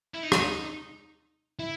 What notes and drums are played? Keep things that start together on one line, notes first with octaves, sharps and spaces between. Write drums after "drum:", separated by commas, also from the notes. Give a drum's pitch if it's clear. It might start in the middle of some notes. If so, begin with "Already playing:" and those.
E4
D#4
drum: rim click
E4